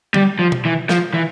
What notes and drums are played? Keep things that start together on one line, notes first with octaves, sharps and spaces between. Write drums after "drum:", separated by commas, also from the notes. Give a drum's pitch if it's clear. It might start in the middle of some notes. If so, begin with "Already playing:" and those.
G3, drum: tom D3
F3
drum: tom B2
E3
F3, drum: snare
E3